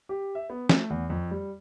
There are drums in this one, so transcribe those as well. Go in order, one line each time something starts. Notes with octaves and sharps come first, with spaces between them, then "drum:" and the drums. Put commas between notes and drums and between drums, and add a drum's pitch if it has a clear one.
G4
E5
B3
A3, drum: snare
E2
F2
G3